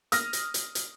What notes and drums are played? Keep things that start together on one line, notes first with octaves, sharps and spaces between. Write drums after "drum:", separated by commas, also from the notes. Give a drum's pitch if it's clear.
D#6 F6 A#6, drum: hi-hat
drum: hi-hat
drum: hi-hat
drum: hi-hat